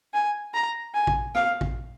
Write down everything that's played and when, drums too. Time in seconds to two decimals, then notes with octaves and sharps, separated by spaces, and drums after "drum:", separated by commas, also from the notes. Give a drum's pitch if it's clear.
0.14 G#5
0.54 A#5
0.94 G#5
1.07 drum: kick
1.35 F5, drum: rim click
1.61 drum: kick